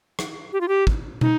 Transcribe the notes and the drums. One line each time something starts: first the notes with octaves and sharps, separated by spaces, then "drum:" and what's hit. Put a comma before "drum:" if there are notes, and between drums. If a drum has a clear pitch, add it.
drum: rim click
G4
F4
G4
drum: kick
D#4, drum: tom